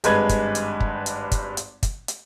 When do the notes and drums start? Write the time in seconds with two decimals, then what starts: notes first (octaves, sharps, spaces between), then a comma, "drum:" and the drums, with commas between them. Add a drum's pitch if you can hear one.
0.04 G#1 G2 G#3 B4 G#6, drum: hi-hat
0.29 drum: kick, hi-hat
0.55 drum: hi-hat
0.80 drum: kick
1.06 drum: hi-hat
1.32 drum: kick, hi-hat
1.57 drum: hi-hat
1.83 drum: kick, hi-hat
2.08 drum: hi-hat